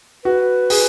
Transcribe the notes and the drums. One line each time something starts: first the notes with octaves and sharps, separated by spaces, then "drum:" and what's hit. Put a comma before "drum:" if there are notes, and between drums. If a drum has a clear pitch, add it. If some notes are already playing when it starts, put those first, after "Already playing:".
F#4 B4
G#4, drum: open hi-hat